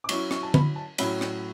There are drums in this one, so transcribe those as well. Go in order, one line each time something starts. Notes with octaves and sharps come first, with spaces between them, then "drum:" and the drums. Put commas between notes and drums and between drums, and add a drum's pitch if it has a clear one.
D6
F#3 C#4 E4 C#6, drum: cymbal
C#6, drum: rim click
A5
B5, drum: tom
A5
A2 F#3 C#4 E4 B5, drum: cymbal
drum: rim click